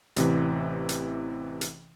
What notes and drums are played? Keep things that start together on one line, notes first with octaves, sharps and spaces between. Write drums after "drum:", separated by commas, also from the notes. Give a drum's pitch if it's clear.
A1 C3 E3, drum: hi-hat
drum: hi-hat
drum: hi-hat